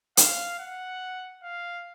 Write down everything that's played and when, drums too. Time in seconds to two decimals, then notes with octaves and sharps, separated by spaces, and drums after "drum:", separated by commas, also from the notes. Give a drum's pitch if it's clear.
0.17 F5, drum: hi-hat
0.59 F#5
1.43 F5